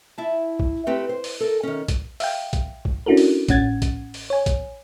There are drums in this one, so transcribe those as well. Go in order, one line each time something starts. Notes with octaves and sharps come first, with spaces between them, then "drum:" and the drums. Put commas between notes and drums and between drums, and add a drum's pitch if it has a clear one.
E4 A5
drum: kick A#1
A3 C4 G4 B4
C5
drum: open hi-hat
A4 A#4
D#3 C#4
drum: kick A#1, hi-hat
E5 F5 G5, drum: open hi-hat
drum: kick A#1, hi-hat
drum: kick A#1
C#4 D4 E4 F#4 A4 A#4
drum: open hi-hat
A1 A2 C#4 F#5 G#6 A6, drum: kick A#1, hi-hat
drum: kick A#1, hi-hat
drum: open hi-hat
C#5 G#5
drum: kick A#1, hi-hat